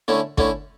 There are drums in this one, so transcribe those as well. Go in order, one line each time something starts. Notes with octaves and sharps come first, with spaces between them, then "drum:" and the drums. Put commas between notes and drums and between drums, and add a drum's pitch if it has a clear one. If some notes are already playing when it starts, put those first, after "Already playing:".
D3 A3 C#4 E4
D3 A3 C#4 E4, drum: kick